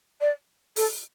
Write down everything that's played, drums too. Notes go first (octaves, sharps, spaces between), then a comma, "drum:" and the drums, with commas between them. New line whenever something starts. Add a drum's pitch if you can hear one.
D5
A4, drum: open hi-hat